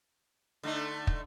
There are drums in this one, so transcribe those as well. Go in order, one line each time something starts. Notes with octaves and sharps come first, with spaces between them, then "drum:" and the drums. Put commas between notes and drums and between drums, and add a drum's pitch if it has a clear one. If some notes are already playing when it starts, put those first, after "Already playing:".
D3 A3 D#4
drum: kick